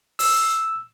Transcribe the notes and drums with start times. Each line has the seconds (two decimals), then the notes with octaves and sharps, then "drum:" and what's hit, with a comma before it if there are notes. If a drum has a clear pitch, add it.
0.19 E6, drum: open hi-hat